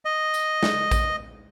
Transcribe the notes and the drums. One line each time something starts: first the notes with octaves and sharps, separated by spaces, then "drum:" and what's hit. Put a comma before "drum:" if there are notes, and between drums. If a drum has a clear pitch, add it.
D#5
drum: tambourine
drum: snare
drum: kick A1, tambourine